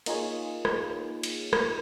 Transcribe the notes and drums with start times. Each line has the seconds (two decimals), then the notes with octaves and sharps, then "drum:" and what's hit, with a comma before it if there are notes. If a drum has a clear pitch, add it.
0.06 A#3 D#4 F4 G#4 C#5, drum: cymbal
0.65 drum: rim click
1.23 drum: cymbal
1.53 drum: rim click